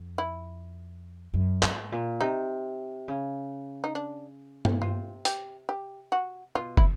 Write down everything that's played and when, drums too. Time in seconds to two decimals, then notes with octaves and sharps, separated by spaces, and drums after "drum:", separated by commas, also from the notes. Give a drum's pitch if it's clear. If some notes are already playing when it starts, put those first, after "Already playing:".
Already playing: F2
0.18 E4
1.34 F#2
1.63 G#2, drum: clap
1.92 A#2
2.21 C3 D#4
3.08 C#3
3.84 D#4
3.95 D4
4.65 drum: tom G2
4.81 C3 F4
5.25 G4, drum: hi-hat
5.69 G4
6.12 F#4
6.55 B2 F4
6.77 E4, drum: kick